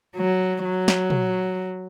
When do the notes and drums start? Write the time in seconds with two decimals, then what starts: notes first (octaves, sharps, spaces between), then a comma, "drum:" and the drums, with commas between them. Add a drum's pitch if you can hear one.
0.16 F#3
0.65 F#3
0.88 drum: snare
1.10 drum: tom